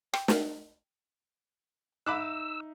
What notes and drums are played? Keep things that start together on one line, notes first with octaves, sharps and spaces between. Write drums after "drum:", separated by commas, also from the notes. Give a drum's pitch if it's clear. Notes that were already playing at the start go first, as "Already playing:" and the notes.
G5, drum: rim click
drum: snare
D#4 E5 B5 D6 E6 F#6